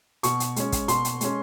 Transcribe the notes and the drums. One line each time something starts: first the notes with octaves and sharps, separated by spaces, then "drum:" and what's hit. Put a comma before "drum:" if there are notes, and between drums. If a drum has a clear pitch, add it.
B2 C#6, drum: hi-hat
drum: hi-hat
G#3 C#4, drum: hi-hat
drum: kick, hi-hat
B2 C6, drum: hi-hat
drum: hi-hat
G#3 C#4, drum: hi-hat